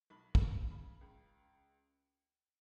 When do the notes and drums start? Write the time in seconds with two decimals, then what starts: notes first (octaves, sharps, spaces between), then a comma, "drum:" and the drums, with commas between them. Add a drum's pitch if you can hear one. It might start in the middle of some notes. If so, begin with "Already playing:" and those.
0.10 B1 B5
0.35 B5, drum: kick
0.40 G#3 C#6
0.70 C#3 B5
1.01 C#2